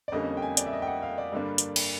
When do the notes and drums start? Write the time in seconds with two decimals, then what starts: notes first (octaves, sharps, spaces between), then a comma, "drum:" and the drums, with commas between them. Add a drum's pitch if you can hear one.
0.08 D5
0.12 F2 D3 G3 A#3 C#4 D#5
0.37 G5
0.42 G#5
0.57 D5, drum: hi-hat
0.66 E5
0.73 D#5
0.82 G5
0.87 F#5
1.03 F5
1.18 D5
1.32 G2 D3 G3 A#3 D4
1.58 drum: hi-hat
1.76 drum: cymbal